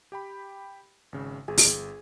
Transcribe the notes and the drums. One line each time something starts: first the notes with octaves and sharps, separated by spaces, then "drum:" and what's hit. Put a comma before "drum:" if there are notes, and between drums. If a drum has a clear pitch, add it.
G4 G5 B5
G#1 C#3
G1 G#4
drum: open hi-hat